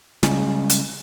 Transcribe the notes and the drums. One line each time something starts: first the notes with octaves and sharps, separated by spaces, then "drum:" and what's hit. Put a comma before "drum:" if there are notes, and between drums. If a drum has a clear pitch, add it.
C#3 G3 G#3 C#4, drum: snare
drum: hi-hat